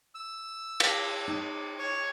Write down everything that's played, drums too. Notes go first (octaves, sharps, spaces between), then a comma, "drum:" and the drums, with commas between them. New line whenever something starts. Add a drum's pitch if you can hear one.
E6
drum: cymbal
D#4
C#5 C#6